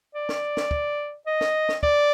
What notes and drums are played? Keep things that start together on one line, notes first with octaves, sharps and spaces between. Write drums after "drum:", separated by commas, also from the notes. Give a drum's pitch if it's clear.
D5
drum: snare
drum: snare
drum: kick
D#5
drum: snare
drum: snare
D5, drum: kick